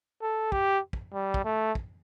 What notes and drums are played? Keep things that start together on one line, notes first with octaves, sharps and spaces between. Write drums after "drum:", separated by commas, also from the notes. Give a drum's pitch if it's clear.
A4
G4, drum: kick
drum: kick
G3
drum: kick
A3
drum: kick